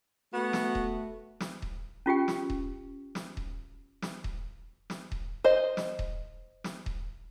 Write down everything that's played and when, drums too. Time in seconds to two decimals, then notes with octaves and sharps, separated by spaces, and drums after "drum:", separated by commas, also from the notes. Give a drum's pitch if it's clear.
0.34 A3 B3 F#4
0.53 drum: snare
0.75 drum: kick D#1
1.40 drum: snare
1.62 drum: kick D#1
2.06 C#4 F4 G4 G5
2.28 drum: snare
2.50 drum: kick D#1
3.15 drum: snare
3.37 drum: kick D#1
4.02 drum: snare
4.24 drum: kick D#1
4.90 drum: snare
5.12 drum: kick D#1
5.44 C5 D#5
5.77 drum: snare
5.99 drum: kick D#1
6.64 drum: snare
6.86 drum: kick D#1